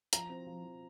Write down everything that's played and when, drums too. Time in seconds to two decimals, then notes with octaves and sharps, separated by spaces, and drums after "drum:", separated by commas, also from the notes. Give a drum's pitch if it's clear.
0.13 F3 A#5, drum: hi-hat
0.30 C4
0.47 F3
0.64 F3